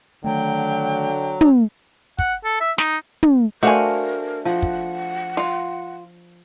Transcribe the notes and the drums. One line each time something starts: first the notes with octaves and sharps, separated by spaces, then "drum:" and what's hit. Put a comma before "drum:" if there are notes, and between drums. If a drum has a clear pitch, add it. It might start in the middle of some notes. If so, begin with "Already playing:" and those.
D3 D#3 F#3 A3 G5
drum: tom
F#5, drum: kick
A4
E5
D#4, drum: snare
drum: tom
A3 D4 F#4 A#4 C5 F5 G#5
F3 F#5
drum: kick
F4, drum: hi-hat